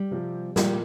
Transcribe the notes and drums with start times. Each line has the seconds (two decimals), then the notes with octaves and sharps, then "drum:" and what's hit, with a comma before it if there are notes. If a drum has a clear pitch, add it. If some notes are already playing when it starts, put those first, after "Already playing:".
Already playing: G3
0.11 C3 F3 C4 G4
0.56 A#2 F3 G3 A#3, drum: snare